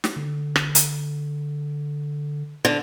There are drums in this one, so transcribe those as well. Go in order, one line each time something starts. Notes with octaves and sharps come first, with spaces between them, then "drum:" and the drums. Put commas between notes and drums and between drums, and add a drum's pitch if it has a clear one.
drum: snare
D3
drum: rim click
drum: hi-hat
D3